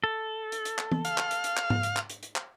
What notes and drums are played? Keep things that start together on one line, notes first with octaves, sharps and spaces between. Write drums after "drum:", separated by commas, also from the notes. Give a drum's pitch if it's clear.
A4
drum: hi-hat
drum: hi-hat
drum: clap
drum: tom E3
F5, drum: hi-hat
drum: clap
drum: hi-hat
drum: hi-hat
drum: clap
drum: tom G#2
drum: hi-hat
drum: clap
drum: hi-hat
drum: hi-hat
drum: clap